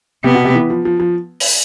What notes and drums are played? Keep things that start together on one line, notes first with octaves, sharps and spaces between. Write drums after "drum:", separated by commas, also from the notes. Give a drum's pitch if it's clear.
C3 B3
B2
C3
E3
F3
F3
F3
drum: open hi-hat